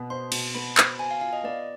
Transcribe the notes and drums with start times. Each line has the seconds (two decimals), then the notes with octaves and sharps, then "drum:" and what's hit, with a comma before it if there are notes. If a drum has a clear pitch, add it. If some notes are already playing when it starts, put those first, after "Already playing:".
Already playing: B2 B3
0.10 C5 C6
0.32 B2, drum: cymbal
0.55 B3 B5
0.77 C5, drum: clap
0.99 C5 G#5
1.11 F5
1.21 F4 F5
1.33 D#5
1.44 B3 D5